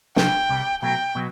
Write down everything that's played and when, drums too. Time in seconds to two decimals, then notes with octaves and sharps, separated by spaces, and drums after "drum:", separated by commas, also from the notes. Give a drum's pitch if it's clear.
0.16 C2 C3 G3 G5, drum: snare
0.49 C2 C3 G3
0.82 B2 F#3 A3 G5
1.15 B2 F#3